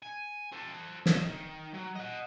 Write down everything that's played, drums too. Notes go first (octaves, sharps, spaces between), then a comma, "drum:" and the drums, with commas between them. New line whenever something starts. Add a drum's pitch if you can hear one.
G#5
A4 C5
D#5 E5, drum: snare
D#3
F#3
D#5 F#5